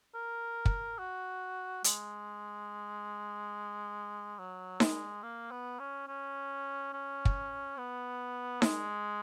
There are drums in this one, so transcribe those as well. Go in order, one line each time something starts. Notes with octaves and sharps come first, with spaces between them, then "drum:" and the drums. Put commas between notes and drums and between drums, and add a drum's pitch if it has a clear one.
A#4
drum: kick
F#4
G#3, drum: hi-hat
F#3
G#3, drum: snare D#4
A#3
B3
C#4
C#4
C#4
drum: kick
B3
G#3, drum: snare D#4